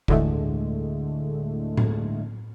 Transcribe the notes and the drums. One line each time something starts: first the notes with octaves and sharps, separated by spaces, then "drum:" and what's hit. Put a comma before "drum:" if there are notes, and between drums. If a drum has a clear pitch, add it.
D2 A2 D3 G#3 A3, drum: kick F1
drum: tom A2